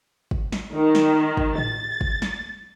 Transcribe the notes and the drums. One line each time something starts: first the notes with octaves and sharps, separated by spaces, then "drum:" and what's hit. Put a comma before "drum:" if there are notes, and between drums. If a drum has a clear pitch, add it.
drum: kick
drum: snare
D#3
drum: snare
drum: kick
A6, drum: tom A2
drum: kick
drum: snare